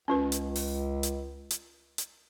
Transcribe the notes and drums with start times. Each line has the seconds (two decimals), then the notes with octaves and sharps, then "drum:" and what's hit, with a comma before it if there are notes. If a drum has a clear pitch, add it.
0.08 C#2 C#4 F4 B4
0.32 drum: hi-hat
0.56 drum: open hi-hat
1.03 drum: hi-hat
1.51 drum: hi-hat
1.98 drum: hi-hat